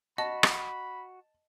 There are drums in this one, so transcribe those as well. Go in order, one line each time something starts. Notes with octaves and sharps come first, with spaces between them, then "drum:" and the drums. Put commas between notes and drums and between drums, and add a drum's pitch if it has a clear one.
F#4 D#5 A5 B5
drum: rim click